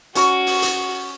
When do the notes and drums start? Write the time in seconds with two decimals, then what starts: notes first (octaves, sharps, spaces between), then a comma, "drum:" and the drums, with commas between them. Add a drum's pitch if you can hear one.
0.15 C#4 F#4 C#6, drum: hi-hat
0.47 drum: open hi-hat
0.62 drum: hi-hat